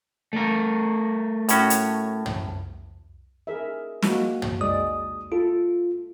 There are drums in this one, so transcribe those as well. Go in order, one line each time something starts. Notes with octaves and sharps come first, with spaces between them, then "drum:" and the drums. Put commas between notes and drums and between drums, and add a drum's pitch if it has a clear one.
A3 A#4
A2 C#4 F#4, drum: hi-hat
drum: hi-hat
drum: tom
G#4 A#4 E5
G#3 A#3 F#4, drum: snare
drum: tom
G#3 D5 D#6
F4 A4